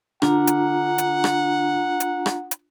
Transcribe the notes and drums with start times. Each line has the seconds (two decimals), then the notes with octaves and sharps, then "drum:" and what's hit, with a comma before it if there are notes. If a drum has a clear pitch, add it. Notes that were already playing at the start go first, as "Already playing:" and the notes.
0.22 D3 D4 F4 F#5 A#5, drum: rim click
0.47 drum: hi-hat
0.98 drum: hi-hat
1.24 drum: rim click
2.00 drum: hi-hat
2.26 drum: rim click
2.51 drum: hi-hat